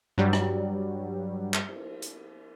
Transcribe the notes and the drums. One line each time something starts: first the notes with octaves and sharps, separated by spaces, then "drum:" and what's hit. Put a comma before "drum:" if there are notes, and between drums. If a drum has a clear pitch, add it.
G2 F#3 G3
drum: rim click
drum: clap
drum: cymbal
drum: hi-hat